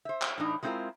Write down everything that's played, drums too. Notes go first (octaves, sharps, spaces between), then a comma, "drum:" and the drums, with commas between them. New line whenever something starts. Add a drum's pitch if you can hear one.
C5 E5
drum: clap
A2 E3 D4 D#4
G#3 A3 C4 E4 F4 A#4